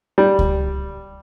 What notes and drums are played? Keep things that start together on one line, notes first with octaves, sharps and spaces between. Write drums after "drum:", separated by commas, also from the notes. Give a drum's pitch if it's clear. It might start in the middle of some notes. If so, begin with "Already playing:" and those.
G3
drum: kick C#2